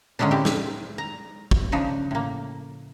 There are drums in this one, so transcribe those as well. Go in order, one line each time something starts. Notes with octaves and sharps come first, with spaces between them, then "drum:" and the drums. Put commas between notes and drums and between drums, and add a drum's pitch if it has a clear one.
A2 D3 F#3 G#3 C#4 D4
C4 E4 G4
drum: snare
A#5
drum: kick
C#3 F3 D4 D#4
A2 A#3